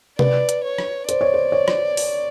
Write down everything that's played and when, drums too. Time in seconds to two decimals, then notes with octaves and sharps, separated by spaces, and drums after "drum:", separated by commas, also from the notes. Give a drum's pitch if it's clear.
0.19 B4 D5, drum: tom C3
0.49 drum: hi-hat
0.64 C#5
0.78 drum: rim click
1.09 C5 D5, drum: hi-hat
1.21 C#5
1.34 C5
1.52 C#5
1.68 drum: rim click
1.97 drum: open hi-hat